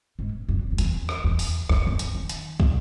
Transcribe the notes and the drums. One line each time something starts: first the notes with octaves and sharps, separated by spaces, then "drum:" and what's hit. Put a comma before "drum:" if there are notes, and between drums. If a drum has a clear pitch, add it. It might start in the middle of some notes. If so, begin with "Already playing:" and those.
G#2
F#2
F#2
E2, drum: hi-hat
drum: rim click
E2
drum: open hi-hat
E2, drum: rim click
F#2
E2
drum: hi-hat
D#3
drum: hi-hat
drum: kick